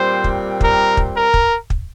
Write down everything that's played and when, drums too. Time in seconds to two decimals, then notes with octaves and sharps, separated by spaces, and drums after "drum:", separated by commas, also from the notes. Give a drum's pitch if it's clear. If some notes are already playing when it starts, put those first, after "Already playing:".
Already playing: A#2 G3 C4 C5
0.24 drum: kick
0.61 A#4, drum: kick
0.97 drum: kick
1.15 A#4
1.34 drum: kick
1.70 drum: kick